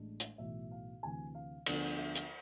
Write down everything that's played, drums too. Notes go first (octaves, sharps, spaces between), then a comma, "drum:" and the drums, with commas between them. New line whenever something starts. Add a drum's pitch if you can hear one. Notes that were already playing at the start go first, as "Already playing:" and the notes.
Already playing: A1 A2 G#3 D4
drum: hi-hat
B1 A2 E3 E5
F5
D2 C3 E3 G#5
F5
D2 D3 F3 B3 D4 D5, drum: cymbal
E5
drum: hi-hat